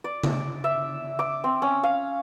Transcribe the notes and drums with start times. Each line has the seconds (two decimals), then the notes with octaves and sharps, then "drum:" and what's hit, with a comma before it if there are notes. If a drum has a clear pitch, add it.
0.04 D5
0.23 drum: tom C#3
0.64 E5
1.19 D6
1.44 C4
1.62 C#4
1.83 F5